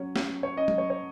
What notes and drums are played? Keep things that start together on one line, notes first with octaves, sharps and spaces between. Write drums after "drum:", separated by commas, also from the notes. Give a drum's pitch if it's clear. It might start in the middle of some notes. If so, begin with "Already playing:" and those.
Already playing: F#3 C#4
C#4, drum: snare
C#5
C#4 D#5
drum: tom F#3
C#5
C#5